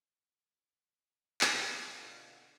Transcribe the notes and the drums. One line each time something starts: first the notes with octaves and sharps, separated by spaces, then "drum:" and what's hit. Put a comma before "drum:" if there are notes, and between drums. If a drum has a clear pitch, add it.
drum: clap
B2 D3 B3 F4